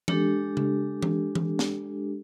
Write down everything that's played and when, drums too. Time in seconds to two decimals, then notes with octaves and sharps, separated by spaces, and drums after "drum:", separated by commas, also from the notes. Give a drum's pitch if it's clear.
0.08 G#3 D4 G4 A4, drum: tom E3
0.57 drum: tom C#3
1.03 drum: tom E3
1.35 drum: tom E3
1.59 drum: snare